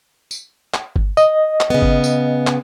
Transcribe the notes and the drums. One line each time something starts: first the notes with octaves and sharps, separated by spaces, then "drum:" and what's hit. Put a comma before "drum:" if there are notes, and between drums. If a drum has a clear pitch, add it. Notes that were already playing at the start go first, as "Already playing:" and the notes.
drum: tambourine
drum: clap
drum: kick G1
D#5, drum: tambourine
drum: clap
C#3 B3
drum: kick G1
drum: tambourine
drum: clap